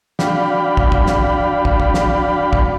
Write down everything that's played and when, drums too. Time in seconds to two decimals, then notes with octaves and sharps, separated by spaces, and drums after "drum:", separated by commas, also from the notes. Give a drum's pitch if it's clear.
0.19 D4 F#4 D5 F5 G5 B5, drum: snare
0.77 drum: kick
0.92 drum: kick
1.07 drum: snare
1.65 drum: kick
1.80 drum: kick
1.94 drum: snare
2.53 drum: kick